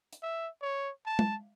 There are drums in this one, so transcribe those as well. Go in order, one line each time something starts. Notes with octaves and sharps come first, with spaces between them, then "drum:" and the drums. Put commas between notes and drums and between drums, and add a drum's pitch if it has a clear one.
drum: hi-hat
E5
C#5
A5
drum: tom G#3